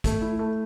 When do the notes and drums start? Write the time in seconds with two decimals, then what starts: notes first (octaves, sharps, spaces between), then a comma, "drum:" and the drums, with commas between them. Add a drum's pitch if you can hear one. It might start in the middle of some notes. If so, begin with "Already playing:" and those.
0.04 A3, drum: kick, hi-hat
0.21 E4
0.39 A3